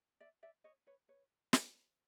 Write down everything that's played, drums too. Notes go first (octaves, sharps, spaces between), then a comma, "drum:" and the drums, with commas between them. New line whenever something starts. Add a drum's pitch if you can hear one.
D5 E5
D5 E5
C#5 D#5
B4 C#5
B4 C#5
C5, drum: snare